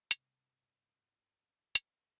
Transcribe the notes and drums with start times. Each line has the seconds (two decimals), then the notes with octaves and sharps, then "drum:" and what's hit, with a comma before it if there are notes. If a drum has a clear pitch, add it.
0.11 G2 C3, drum: hi-hat
1.75 drum: hi-hat